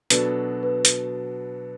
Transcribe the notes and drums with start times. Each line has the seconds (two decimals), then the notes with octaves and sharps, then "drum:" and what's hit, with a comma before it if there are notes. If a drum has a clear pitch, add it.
0.10 B2 F#3 B3 D4 A4 B4, drum: hi-hat
0.63 B4
0.85 drum: hi-hat